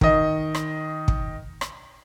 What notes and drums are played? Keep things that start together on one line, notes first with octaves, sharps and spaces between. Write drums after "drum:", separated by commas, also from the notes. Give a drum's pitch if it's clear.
D#3 D#5, drum: kick
drum: rim click
drum: kick
drum: rim click